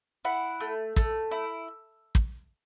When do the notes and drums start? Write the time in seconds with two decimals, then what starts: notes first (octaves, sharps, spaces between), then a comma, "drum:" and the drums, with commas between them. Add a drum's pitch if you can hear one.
0.25 E4 F#5
0.60 A3
0.96 A3, drum: kick
1.31 E4
2.15 drum: kick